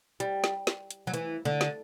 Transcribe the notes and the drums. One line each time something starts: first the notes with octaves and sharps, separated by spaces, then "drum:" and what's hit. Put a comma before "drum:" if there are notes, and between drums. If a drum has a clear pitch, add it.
G3, drum: hi-hat
drum: snare
drum: snare
drum: hi-hat
F#3
E3, drum: hi-hat
D3
drum: snare